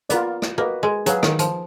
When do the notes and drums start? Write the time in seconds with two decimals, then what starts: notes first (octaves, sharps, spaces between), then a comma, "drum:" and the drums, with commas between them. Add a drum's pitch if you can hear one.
0.10 B3 F4 A#4 D5, drum: hi-hat
0.42 drum: rim click
0.58 A#3 F#4 B4 D#5
0.83 G#3
1.06 F#3 G#4 B4 F5, drum: hi-hat
1.23 D#3, drum: rim click
1.39 F3, drum: hi-hat